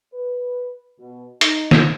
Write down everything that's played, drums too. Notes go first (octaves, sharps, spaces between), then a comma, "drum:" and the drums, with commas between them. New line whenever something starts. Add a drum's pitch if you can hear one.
B4
B2
D#4, drum: hi-hat
drum: snare